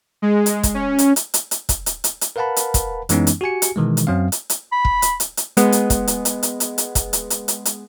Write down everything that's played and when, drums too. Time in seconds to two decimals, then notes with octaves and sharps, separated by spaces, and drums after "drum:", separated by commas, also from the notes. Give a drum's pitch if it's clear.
0.22 G#3
0.46 drum: hi-hat
0.63 drum: kick, hi-hat
0.74 C#4
0.99 drum: hi-hat
1.16 drum: hi-hat
1.34 drum: hi-hat
1.51 drum: hi-hat
1.69 drum: kick, hi-hat
1.86 drum: hi-hat
2.04 drum: hi-hat
2.21 drum: hi-hat
2.36 A#4 B4 F5 F#5 A5 B5
2.56 drum: hi-hat
2.74 drum: kick, hi-hat
3.09 F#2 E3 G#3 B3 C#4 D#4, drum: hi-hat
3.27 drum: hi-hat
3.41 F#4 G4 G#5 C#7
3.62 drum: hi-hat
3.76 B2 D#3 E3 G#3
3.97 drum: hi-hat
4.07 F#2 F#3 C4 F5
4.32 drum: hi-hat
4.50 drum: hi-hat
4.72 B5
4.85 drum: kick
5.02 drum: hi-hat
5.20 drum: hi-hat
5.37 drum: hi-hat
5.57 G#3 B3, drum: hi-hat
5.72 drum: hi-hat
5.90 drum: kick, hi-hat
6.07 drum: hi-hat
6.25 drum: hi-hat
6.43 drum: hi-hat
6.60 drum: hi-hat
6.78 drum: hi-hat
6.95 drum: kick, hi-hat
7.13 drum: hi-hat
7.30 drum: hi-hat
7.48 drum: hi-hat
7.65 drum: hi-hat